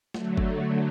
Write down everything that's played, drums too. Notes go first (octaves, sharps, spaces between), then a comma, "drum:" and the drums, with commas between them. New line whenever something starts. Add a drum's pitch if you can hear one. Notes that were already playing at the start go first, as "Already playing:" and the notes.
D3 F#3 A3, drum: snare
drum: kick G1